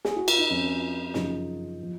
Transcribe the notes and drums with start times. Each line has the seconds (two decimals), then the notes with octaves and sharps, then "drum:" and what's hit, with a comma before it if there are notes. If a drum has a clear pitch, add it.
0.05 G#4, drum: snare
0.16 F#4
0.28 F4, drum: cymbal
0.38 D#4
0.50 F2 F3 C#4
1.14 F#2 C#3 F3 D#4, drum: snare
1.83 F3